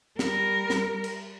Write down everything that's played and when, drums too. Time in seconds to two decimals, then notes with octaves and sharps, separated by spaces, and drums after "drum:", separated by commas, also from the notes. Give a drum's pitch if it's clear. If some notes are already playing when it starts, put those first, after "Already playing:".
0.19 G3 A#4, drum: snare
0.70 drum: snare
1.04 drum: cymbal